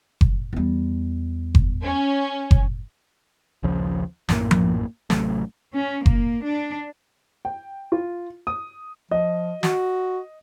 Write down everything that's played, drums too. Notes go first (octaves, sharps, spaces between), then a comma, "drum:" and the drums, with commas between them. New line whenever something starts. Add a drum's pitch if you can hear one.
drum: kick F#1
E2 G3
drum: kick F#1
C#4
drum: kick F#1
A#1 D#2 C#3 F3
A#1 F#2 A2 A#3, drum: snare
drum: tom F3
A1 C3 F#3 A3, drum: snare
C#4
A#3, drum: kick F#1
D4
G5
F4
D#6
F3 D#5
F#4, drum: snare